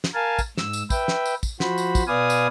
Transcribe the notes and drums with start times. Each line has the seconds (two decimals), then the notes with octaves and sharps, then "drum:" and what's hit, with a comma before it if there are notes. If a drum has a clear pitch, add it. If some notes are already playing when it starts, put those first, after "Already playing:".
0.04 drum: snare
0.15 A#4 F5 G#5 A5
0.39 drum: kick, tambourine
0.57 G#2 E6, drum: snare
0.73 drum: tambourine
0.90 B4 E5 G5, drum: kick, tambourine
1.08 drum: snare
1.25 drum: tambourine
1.43 drum: kick, tambourine
1.60 F3 F#4 C5 B5, drum: snare
1.78 drum: tambourine
1.95 drum: kick, tambourine
2.08 B2 B4 D5 F5 G#5 D#6
2.30 drum: tambourine